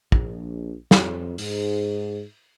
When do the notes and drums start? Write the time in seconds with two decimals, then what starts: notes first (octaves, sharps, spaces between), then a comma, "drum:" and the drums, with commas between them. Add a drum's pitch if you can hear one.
0.12 A#1, drum: kick
0.91 F2, drum: snare
1.38 G#2, drum: open hi-hat